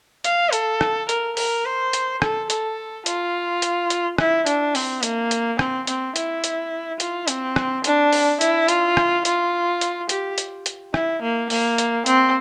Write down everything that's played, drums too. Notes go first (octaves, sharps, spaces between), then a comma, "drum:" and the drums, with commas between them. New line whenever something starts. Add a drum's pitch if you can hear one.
F5, drum: hi-hat
A4, drum: hi-hat
drum: rim click
A#4, drum: hi-hat
A#4, drum: open hi-hat
C5
drum: hi-hat
A4, drum: rim click
A4, drum: hi-hat
F4, drum: hi-hat
drum: hi-hat
drum: hi-hat
E4, drum: rim click
D4, drum: hi-hat
C4, drum: open hi-hat
A#3, drum: hi-hat
drum: hi-hat
C4, drum: rim click
C4, drum: hi-hat
E4, drum: hi-hat
drum: hi-hat
F4, drum: hi-hat
C4, drum: hi-hat
drum: rim click
D4, drum: hi-hat
drum: open hi-hat
E4, drum: hi-hat
F4, drum: hi-hat
drum: rim click
F4, drum: hi-hat
drum: hi-hat
G4, drum: hi-hat
drum: hi-hat
drum: hi-hat
E4, drum: rim click
A#3
A#3, drum: open hi-hat
drum: hi-hat
C4, drum: hi-hat